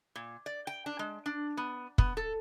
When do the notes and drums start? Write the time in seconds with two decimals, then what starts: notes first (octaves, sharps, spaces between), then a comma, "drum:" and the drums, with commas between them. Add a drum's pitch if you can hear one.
0.15 A#2
0.46 D5
0.67 G5
0.86 D4
0.99 G#3
1.26 D4
1.57 B3
1.98 B3, drum: kick
2.17 A4